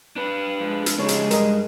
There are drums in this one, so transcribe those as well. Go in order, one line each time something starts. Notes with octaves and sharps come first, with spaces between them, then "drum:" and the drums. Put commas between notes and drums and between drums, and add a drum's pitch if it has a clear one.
D4 B4
F3 G#3
drum: hi-hat
C#3 F3 G#3 D#4 G4 G#4 C#5
drum: hi-hat
G2 A#4 D#5, drum: hi-hat